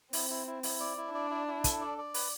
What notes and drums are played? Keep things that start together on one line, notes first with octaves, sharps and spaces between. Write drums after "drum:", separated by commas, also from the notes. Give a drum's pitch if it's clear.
C4 E4, drum: open hi-hat
E4
E4
E4, drum: open hi-hat
D5
E4
D4 D5
E4
E4
A4, drum: kick, hi-hat
D5
D5
B4, drum: open hi-hat